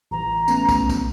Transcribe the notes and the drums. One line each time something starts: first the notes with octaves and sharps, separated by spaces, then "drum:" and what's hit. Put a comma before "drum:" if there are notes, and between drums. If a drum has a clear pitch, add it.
A1 E3 A#5
A3 B3 C#4, drum: tambourine
drum: kick, tambourine
drum: kick, tambourine